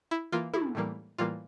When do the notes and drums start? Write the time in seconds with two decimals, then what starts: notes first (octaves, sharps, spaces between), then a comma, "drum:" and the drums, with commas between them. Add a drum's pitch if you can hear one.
0.11 E4
0.32 E3 A#3 F4
0.54 E4, drum: tom
0.75 A2 E3 G3 A#3
1.18 A2 E3 G3 A#3 F4